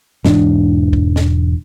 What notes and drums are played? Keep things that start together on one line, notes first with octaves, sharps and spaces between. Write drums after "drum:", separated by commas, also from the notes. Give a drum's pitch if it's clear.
E1 E2 G#2 D4, drum: snare
drum: kick
drum: snare